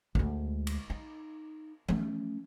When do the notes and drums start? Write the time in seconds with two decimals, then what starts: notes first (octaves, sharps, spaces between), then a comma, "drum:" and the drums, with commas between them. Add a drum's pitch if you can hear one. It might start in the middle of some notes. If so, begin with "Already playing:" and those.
0.15 D2 G#3, drum: kick
0.67 drum: cymbal
0.90 D#4
1.89 A3 C#4, drum: tom E3